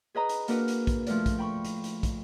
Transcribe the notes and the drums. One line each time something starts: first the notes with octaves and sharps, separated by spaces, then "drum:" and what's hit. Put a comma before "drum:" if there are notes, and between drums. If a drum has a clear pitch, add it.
G#4 B4 D#5 A#5 B5
drum: hi-hat
A#3 D4 F#4 A#4 B4, drum: hi-hat
drum: hi-hat
drum: kick, hi-hat
F3 A3 A#4 D5, drum: hi-hat
drum: kick, hi-hat
G5 B5 C#6
drum: hi-hat
drum: hi-hat
drum: kick, hi-hat